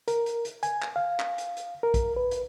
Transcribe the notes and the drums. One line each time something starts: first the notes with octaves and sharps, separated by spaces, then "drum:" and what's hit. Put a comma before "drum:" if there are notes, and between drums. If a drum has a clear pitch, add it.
A#4, drum: hi-hat
drum: hi-hat
drum: hi-hat
G#5, drum: hi-hat
drum: clap
F5
drum: clap
drum: hi-hat
drum: hi-hat
A#4
drum: kick A#1, hi-hat
B4
drum: hi-hat